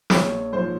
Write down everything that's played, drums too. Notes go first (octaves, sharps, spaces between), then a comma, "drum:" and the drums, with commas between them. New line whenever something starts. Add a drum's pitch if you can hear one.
A#1 C#5, drum: snare
G#2 F3 C5